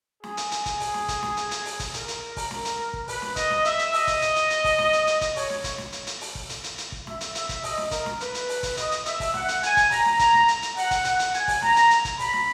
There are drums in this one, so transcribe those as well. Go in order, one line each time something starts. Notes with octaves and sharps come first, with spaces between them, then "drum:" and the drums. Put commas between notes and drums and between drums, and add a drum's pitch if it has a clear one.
G#4, drum: snare
drum: hi-hat
drum: hi-hat
drum: kick, hi-hat
drum: open hi-hat
drum: snare
drum: kick, hi-hat
drum: snare
drum: hi-hat
drum: hi-hat
drum: open hi-hat
drum: kick, hi-hat
A#4, drum: hi-hat
drum: hi-hat
drum: kick, open hi-hat
drum: snare
drum: hi-hat
drum: kick
B4, drum: open hi-hat
drum: snare
D#5, drum: kick, hi-hat
drum: snare
E5, drum: hi-hat
drum: hi-hat
D#5, drum: open hi-hat
drum: kick, hi-hat
drum: hi-hat
drum: hi-hat
drum: hi-hat
drum: kick, open hi-hat
drum: snare
drum: hi-hat
drum: hi-hat
drum: kick, hi-hat
C#5, drum: open hi-hat
drum: snare
drum: kick, hi-hat
drum: snare
drum: hi-hat
drum: hi-hat
drum: open hi-hat
drum: kick
drum: hi-hat
drum: hi-hat
drum: hi-hat
drum: kick
E5, drum: snare
drum: hi-hat
E5, drum: hi-hat
drum: kick, hi-hat
D#5, drum: open hi-hat
drum: snare
A#4, drum: kick, hi-hat
drum: snare
B4, drum: hi-hat
drum: hi-hat
drum: open hi-hat
drum: kick, hi-hat
D#5, drum: hi-hat
drum: hi-hat
E5, drum: hi-hat
drum: kick, open hi-hat
F#5, drum: snare
drum: hi-hat
G#5, drum: hi-hat
drum: kick, hi-hat
A#5, drum: open hi-hat
drum: snare
A#5, drum: kick, hi-hat
drum: snare
drum: hi-hat
drum: hi-hat
F#5, drum: open hi-hat
drum: kick, hi-hat
F#5, drum: hi-hat
drum: hi-hat
G#5, drum: hi-hat
drum: kick, open hi-hat
A#5, drum: snare
drum: hi-hat
drum: hi-hat
drum: kick, hi-hat
B5, drum: open hi-hat
drum: snare